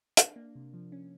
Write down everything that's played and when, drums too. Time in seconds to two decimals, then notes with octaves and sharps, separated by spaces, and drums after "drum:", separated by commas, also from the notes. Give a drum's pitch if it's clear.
0.17 D4, drum: hi-hat
0.36 A#3
0.55 C3
0.74 F3
0.92 C#4